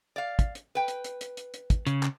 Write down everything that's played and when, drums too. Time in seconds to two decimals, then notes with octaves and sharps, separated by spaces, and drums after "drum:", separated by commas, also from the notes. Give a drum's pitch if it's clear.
0.16 D5 F5
0.39 drum: kick, hi-hat
0.55 drum: hi-hat
0.75 B4 G5
0.88 drum: hi-hat
1.04 drum: hi-hat
1.21 drum: hi-hat
1.37 drum: hi-hat
1.54 drum: hi-hat
1.70 drum: kick, hi-hat
1.87 C#3, drum: hi-hat
2.03 drum: clap